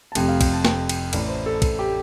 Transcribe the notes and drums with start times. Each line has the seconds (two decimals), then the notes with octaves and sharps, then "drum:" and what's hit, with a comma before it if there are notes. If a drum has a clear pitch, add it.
0.12 A5
0.15 F1 F2 C3 G5, drum: cymbal
0.28 F5
0.41 G5, drum: kick, cymbal
0.53 A5
0.65 G5, drum: snare
0.89 G5, drum: cymbal
1.13 A1 A2 D5, drum: cymbal
1.29 C5
1.46 A4
1.62 A4, drum: kick, cymbal
1.79 G4